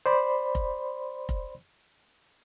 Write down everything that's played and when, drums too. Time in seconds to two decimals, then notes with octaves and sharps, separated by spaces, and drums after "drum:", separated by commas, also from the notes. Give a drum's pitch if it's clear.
0.06 C5 D5 B5 C6
0.55 drum: kick F1
1.29 drum: kick F1